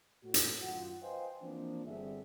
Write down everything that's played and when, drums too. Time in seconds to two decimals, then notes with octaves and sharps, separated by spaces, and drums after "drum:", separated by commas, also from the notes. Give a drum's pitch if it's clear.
0.24 A2 F#4
0.34 drum: hi-hat
0.62 F#2 D#3 F4 F#5
1.02 B4 C5 D#5 F5 G5 G#5
1.41 E3 F3 A#3 C4 D4
1.85 G1 D3 G3 C4 G#4 E5